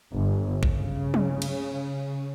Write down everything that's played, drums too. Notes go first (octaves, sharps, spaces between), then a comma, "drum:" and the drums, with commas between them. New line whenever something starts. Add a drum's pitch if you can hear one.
G1
C#3, drum: kick
drum: tom
drum: cymbal